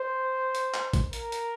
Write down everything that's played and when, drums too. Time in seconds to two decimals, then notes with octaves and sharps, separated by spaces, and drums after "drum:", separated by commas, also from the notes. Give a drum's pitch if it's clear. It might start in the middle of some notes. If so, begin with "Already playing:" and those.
Already playing: C5
0.55 drum: hi-hat
0.74 drum: clap
0.93 drum: kick A1, hi-hat
1.13 A#4, drum: hi-hat
1.32 drum: hi-hat